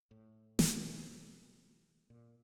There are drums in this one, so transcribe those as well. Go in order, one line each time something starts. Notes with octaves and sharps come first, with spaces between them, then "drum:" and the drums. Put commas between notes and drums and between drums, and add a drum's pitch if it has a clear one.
A2
drum: snare
B2
A#2